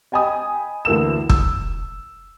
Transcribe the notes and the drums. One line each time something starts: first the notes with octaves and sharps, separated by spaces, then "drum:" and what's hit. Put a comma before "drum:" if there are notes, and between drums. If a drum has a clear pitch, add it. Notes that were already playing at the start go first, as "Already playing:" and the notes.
D#5 G5 G#5 B5 D#6
D2 E3 A#3 E6 E7
E6, drum: kick